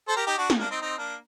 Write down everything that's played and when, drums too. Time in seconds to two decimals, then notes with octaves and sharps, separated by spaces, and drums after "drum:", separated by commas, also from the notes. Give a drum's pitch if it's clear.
0.08 A4 C5
0.16 G4 A#4
0.27 D#4 G4
0.38 D4 F#4
0.50 drum: snare
0.59 A#3 D4
0.71 C4 D#4
0.81 C4 D#4
0.98 A#3 D4